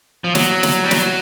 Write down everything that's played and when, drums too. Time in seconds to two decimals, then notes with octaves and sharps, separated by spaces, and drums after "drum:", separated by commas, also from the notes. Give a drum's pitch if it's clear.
0.24 F3
0.35 F#3, drum: snare
0.63 drum: snare
0.84 G3
0.91 F#3, drum: snare